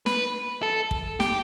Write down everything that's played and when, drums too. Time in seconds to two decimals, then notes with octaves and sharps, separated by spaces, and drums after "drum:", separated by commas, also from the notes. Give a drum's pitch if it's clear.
0.06 B4, drum: snare
0.63 A4
0.91 drum: kick
1.20 G4, drum: snare